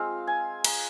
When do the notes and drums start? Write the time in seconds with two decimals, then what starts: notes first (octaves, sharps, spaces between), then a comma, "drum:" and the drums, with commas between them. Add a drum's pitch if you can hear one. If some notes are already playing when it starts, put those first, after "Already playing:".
Already playing: G#3 C4 F4 F5
0.27 G#5
0.64 A#5, drum: cymbal